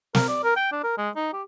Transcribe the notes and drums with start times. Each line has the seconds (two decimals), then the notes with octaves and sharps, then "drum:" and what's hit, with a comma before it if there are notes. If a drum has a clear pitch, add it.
0.15 A#4, drum: snare
0.28 D5
0.44 A#4
0.56 G5
0.72 D4
0.84 A#4
0.98 G#3
1.16 D#4
1.33 G4